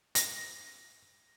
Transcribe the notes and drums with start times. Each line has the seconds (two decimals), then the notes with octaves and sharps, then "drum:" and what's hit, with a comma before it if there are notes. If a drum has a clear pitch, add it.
0.15 A#6, drum: hi-hat